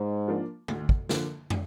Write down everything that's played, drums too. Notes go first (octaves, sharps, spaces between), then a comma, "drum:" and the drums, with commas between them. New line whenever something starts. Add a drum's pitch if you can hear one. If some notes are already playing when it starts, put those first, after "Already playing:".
Already playing: G#2
F3 A#3 D4
D2, drum: tom D3
drum: kick
D3 F3 A#3, drum: snare
drum: tom